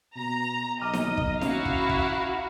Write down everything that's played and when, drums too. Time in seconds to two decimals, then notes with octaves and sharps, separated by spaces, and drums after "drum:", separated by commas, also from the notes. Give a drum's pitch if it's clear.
0.16 B2 A#5
0.82 B1 D#5 A#5 D6 F6
0.93 drum: snare D#4
1.17 drum: kick
1.41 C#4 E4 F#4 F5, drum: snare D#4
1.65 drum: kick
1.89 drum: kick